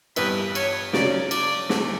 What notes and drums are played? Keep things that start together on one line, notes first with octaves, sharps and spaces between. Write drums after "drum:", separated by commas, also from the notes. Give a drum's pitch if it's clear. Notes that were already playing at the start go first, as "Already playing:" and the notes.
G2 E3 B3 E4 B4, drum: cymbal
C#5, drum: cymbal
C#3 F#3 C#4 D5, drum: snare
D5, drum: cymbal
E2 D3 A3, drum: snare